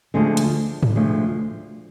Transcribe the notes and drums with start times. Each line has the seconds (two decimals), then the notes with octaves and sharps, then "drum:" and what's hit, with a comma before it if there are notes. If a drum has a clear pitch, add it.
0.14 D2 D3 F3 G#3
0.37 drum: hi-hat
0.83 drum: tom G#2
0.95 D2 D3 F3 G#3